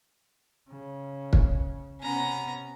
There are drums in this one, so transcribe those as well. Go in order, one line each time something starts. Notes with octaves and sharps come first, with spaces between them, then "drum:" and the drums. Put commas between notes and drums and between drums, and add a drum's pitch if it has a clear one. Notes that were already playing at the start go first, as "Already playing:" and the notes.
C#3
drum: kick
C3 B3 C#4 A#5